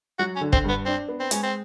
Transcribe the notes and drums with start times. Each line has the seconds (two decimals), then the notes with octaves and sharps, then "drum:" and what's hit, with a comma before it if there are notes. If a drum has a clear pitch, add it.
0.19 F#3 F#4
0.36 C#4
0.41 D3
0.53 C4, drum: kick
0.64 G2 B3
0.85 C4 D4
1.08 B3
1.20 C4
1.31 G#3 C#4, drum: hi-hat
1.43 C4